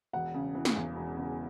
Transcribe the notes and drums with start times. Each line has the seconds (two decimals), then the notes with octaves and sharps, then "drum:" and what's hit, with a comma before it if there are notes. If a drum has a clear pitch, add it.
0.13 E1 F#5
0.34 C#3
0.55 E3
0.65 drum: snare
0.75 E2
0.96 E1
1.17 C#3